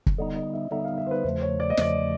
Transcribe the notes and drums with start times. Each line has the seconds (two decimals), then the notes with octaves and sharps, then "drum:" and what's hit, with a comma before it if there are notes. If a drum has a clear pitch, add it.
0.06 drum: kick
0.18 D3 G3 B3 D#4 D#5
0.36 D#5
0.54 E5
0.71 D3 G3 B3 D#4 E5
0.85 F5
0.98 E5
1.07 C5
1.11 B4
1.24 E2 C#3 F3 A3 C5
1.42 C#5
1.60 D5
1.70 D#5
1.77 E2 C#3 F3 A3 D5, drum: snare